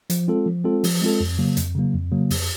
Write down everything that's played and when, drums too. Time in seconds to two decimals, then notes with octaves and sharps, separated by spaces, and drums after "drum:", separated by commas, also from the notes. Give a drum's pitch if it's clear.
0.10 F3, drum: hi-hat
0.28 G#3 C4 F4 A4
0.46 F3
0.64 G#3 C4 F4 A4
0.84 F3, drum: open hi-hat
1.02 G#3 C4 F4 A4
1.20 F2
1.38 C#3 F#3 A#3
1.57 F2, drum: hi-hat
1.75 C#3 F#3 A#3
1.94 F2
2.12 C#3 F#3 A#3
2.30 F2, drum: open hi-hat